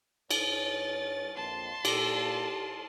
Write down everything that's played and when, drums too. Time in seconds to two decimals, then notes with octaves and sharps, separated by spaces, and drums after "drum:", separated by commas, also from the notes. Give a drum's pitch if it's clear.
0.31 G2 B4 C#5 A6, drum: cymbal
1.37 A#1 F2 A5 C6
1.85 A#2 G4 A4, drum: cymbal